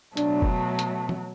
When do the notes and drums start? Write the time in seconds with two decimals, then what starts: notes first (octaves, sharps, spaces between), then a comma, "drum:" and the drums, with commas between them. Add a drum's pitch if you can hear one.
0.17 B2 F#3 A3 D4, drum: hi-hat
0.42 drum: kick F1
0.79 drum: hi-hat
1.09 drum: tom E3